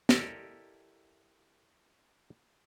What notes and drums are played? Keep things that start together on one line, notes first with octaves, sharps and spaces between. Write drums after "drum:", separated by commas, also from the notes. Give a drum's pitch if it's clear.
E4 G4 A4 A#4 D5 D#5, drum: snare